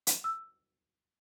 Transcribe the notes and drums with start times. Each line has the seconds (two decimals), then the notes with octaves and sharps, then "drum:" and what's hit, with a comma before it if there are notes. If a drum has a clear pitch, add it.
0.07 drum: hi-hat
0.24 E6